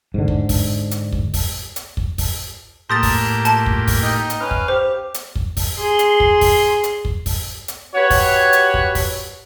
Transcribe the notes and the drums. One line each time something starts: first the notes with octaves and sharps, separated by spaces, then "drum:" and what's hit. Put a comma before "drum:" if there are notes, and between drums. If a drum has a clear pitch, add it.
G#2 D3
drum: kick
drum: kick, open hi-hat
drum: hi-hat
drum: kick
drum: kick, open hi-hat
drum: hi-hat
drum: kick
drum: kick, open hi-hat
A2 A#3 G4 A5 A#5 C6 D#6 A6
drum: kick, open hi-hat
F4 A5, drum: hi-hat
drum: kick
drum: kick, open hi-hat
D#4 D#5 G5
drum: hi-hat
C#4 B4 F5
drum: kick
G4 C5
drum: hi-hat
drum: kick
drum: kick, open hi-hat
G#4 C6
drum: hi-hat
drum: kick
drum: kick, open hi-hat
drum: hi-hat
drum: kick
drum: kick, open hi-hat
drum: hi-hat
F#4 G4 B4 C#5
drum: kick, open hi-hat
drum: hi-hat
drum: kick
drum: kick, open hi-hat